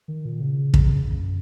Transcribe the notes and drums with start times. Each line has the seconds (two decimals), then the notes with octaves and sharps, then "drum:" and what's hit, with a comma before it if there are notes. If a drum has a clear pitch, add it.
0.08 D#3
0.25 A#2
0.40 C#3
0.74 drum: kick
1.07 F#2